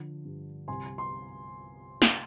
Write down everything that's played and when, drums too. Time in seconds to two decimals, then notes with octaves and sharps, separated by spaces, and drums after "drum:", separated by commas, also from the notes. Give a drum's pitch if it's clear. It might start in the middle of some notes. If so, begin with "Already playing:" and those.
Already playing: D3 F3
0.25 G2
0.68 C2 G#5 C6
0.98 C6
2.02 drum: snare